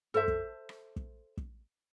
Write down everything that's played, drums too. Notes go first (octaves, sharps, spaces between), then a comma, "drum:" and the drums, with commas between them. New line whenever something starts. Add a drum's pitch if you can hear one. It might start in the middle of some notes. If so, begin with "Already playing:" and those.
A4 C5 E5, drum: tom
drum: kick
drum: rim click
drum: kick
drum: kick